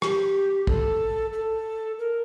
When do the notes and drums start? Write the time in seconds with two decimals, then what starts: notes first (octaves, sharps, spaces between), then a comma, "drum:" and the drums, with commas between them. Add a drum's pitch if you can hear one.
0.02 G4, drum: rim click
0.67 A4, drum: kick
1.33 A4
1.99 A#4